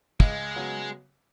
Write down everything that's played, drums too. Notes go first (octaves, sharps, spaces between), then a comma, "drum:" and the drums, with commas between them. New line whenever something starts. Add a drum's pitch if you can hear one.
C#2 G#3, drum: kick
C#3 F#3 B3